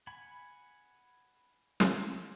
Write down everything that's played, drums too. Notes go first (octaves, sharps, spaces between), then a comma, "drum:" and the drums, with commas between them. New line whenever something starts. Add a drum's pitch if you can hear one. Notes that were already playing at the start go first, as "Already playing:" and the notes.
F#5 G#5 B5
drum: snare